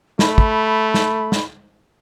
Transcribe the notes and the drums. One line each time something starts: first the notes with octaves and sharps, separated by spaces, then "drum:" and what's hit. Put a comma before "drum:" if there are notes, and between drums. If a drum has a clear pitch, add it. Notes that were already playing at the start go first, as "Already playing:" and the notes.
A3 B5, drum: snare
drum: kick
drum: snare
drum: snare